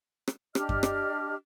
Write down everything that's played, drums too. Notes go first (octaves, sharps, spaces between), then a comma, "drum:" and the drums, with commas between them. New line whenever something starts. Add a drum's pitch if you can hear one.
drum: rim click
D4 G4 D#5 F6, drum: rim click
drum: kick F#2
drum: rim click